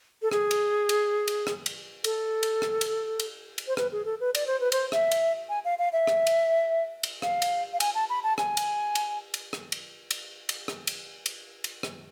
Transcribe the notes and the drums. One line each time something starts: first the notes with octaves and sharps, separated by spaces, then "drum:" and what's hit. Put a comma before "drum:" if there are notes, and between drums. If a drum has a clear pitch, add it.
A4
G#4, drum: rim click
drum: cymbal
drum: cymbal
drum: cymbal
drum: rim click
drum: cymbal
A4, drum: cymbal
drum: cymbal
drum: rim click
drum: cymbal
drum: cymbal
drum: cymbal
C5
B4, drum: rim click
G#4
A4
B4
D5, drum: cymbal
C5
B4
C5, drum: cymbal
E5, drum: rim click
drum: cymbal
G#5
F5
F5
E5
drum: rim click
drum: cymbal
drum: cymbal
F5, drum: rim click
drum: cymbal
F5
G#5, drum: cymbal
A5
B5
A5
G#5, drum: rim click
drum: cymbal
drum: cymbal
drum: cymbal
drum: rim click
drum: cymbal
drum: cymbal
drum: cymbal
drum: rim click
drum: cymbal
drum: cymbal
drum: cymbal
drum: rim click